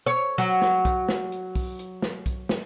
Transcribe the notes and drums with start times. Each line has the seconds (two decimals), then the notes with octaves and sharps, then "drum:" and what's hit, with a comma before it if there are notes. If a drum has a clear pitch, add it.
0.06 C#5
0.38 F#3, drum: hi-hat
0.62 drum: snare
0.85 drum: kick B1, hi-hat
1.09 drum: snare
1.32 drum: hi-hat
1.55 drum: kick B1, open hi-hat
1.79 drum: hi-hat
2.02 drum: snare
2.26 drum: kick B1, hi-hat
2.49 drum: snare